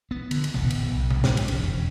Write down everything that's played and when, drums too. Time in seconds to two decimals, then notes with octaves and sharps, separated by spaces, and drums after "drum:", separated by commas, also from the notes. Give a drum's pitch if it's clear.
0.11 B3
0.31 D3, drum: cymbal
0.44 drum: cymbal
0.54 D1 A#1 B3, drum: tom B2
0.71 drum: cymbal
0.91 B1
1.10 drum: tom B2
1.24 A#1 G#2 C#3, drum: snare
1.37 drum: cymbal
1.48 E1 C#4, drum: cymbal
1.64 drum: tom F2